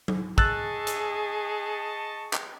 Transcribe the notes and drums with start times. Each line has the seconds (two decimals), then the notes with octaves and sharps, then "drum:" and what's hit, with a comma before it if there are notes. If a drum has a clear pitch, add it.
0.08 drum: tom F#3
0.38 G#4 D#5 A5 C#6 E6 F#6 A6, drum: kick
0.87 drum: hi-hat
2.33 drum: clap